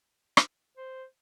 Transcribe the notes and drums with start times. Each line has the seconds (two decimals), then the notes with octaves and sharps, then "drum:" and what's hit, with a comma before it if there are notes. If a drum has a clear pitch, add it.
0.37 drum: rim click
0.77 C5